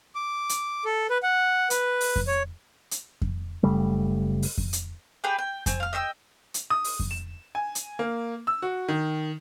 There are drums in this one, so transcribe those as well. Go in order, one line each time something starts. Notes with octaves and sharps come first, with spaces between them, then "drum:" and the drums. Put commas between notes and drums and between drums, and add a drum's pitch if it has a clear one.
D6
drum: hi-hat
A4
B4
F#5
B4, drum: hi-hat
drum: open hi-hat
drum: kick F2
C#5
drum: hi-hat
drum: kick F2
F#1 C#3 G3 A3
drum: open hi-hat
drum: kick F2
drum: hi-hat
G4 G#4 B4 G5
G5
C4 G#5, drum: kick F2, hi-hat
F5 F6
D#5 E5 G5 E6
drum: hi-hat
D#6
drum: open hi-hat
drum: kick F2
E7
G#5
drum: hi-hat
A#3
E6
F#4
D#3